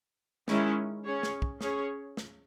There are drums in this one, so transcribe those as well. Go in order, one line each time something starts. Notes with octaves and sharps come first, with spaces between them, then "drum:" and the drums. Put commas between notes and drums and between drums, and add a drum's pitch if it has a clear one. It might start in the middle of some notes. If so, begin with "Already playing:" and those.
D#3 G#3 C#4 E4, drum: snare
C#4 G#4 C#5
drum: snare
drum: kick
C#4 G#4 C#5, drum: snare
drum: snare